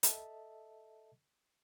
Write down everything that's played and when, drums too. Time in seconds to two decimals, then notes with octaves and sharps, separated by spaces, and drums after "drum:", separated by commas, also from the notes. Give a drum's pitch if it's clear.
0.03 A4 D#5 E5 A5, drum: hi-hat